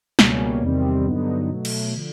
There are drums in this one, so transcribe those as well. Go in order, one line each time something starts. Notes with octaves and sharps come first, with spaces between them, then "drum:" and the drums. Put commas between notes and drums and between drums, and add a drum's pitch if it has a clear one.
C#2 B2 G3 A#3 C#4, drum: snare
E2 C3 D#3 G3 C4
G2 D3 F#3 B3 D#4
B2 F#3 A3
drum: cymbal
D3 F3